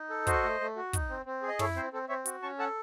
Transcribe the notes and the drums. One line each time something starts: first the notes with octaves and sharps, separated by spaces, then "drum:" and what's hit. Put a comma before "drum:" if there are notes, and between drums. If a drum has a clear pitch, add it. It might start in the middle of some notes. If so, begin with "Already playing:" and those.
Already playing: D#4
A4
F#4 C5 D#5, drum: kick, hi-hat
A3
A3
F#4
D#4, drum: kick, hi-hat
C4
C4
G#4
D#5
E4 A4 C#5, drum: tom
C4 C5
C4 A4
C4 C#5 E5
F#4, drum: hi-hat
C#4 A5 C#6
A4 F#5 A5